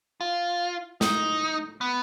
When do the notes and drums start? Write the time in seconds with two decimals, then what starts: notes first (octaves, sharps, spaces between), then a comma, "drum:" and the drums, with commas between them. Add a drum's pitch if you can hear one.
0.21 F4
1.01 D#4, drum: snare
1.81 B3